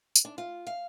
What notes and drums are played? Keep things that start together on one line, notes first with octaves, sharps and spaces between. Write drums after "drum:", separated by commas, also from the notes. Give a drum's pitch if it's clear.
drum: tambourine
D4
F4
F5